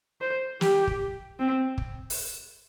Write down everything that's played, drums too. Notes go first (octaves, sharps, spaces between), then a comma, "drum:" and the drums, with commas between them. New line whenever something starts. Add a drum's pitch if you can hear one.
C5
G4, drum: snare
drum: kick
C4
drum: kick
drum: open hi-hat